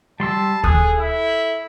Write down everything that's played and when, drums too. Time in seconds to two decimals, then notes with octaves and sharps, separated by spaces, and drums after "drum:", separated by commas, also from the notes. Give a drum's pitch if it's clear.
0.20 G3 A5 C6 E6
0.64 G#4 A4 D#6 F#6, drum: kick D2
0.98 E4